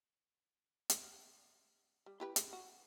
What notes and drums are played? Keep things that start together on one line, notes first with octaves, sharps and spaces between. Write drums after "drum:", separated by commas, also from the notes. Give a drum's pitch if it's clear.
drum: hi-hat
G3
E4 G4 B4
C#3, drum: hi-hat
F#4